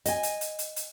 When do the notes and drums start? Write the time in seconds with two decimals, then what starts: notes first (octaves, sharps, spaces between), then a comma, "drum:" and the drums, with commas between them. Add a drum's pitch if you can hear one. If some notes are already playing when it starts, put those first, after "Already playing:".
0.06 D#5 G#5, drum: hi-hat
0.23 drum: hi-hat
0.41 drum: hi-hat
0.59 drum: hi-hat
0.76 drum: hi-hat